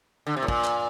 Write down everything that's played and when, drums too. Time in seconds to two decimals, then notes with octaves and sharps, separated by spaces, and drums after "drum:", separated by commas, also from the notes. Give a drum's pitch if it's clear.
0.27 D3
0.37 C3
0.43 A2
0.48 A#2, drum: kick
0.64 drum: clap